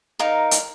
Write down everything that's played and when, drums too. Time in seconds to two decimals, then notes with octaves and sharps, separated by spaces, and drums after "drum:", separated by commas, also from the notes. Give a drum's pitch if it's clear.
0.19 D#4 A#4 F5
0.51 drum: hi-hat